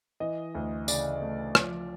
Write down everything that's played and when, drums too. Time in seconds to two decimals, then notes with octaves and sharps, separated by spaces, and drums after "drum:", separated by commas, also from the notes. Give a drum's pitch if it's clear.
0.20 E3 D#5
0.55 D2
0.88 C#3 D5, drum: tambourine
1.21 A3
1.55 F3, drum: rim click